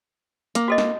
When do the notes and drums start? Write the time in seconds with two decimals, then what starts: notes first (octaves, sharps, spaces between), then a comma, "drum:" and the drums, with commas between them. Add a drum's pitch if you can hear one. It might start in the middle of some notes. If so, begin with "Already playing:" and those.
0.55 A#3, drum: hi-hat
0.68 F#4 A4 D#5
0.78 drum: snare